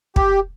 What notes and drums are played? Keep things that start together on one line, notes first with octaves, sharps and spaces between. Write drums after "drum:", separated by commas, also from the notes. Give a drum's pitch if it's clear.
G4, drum: kick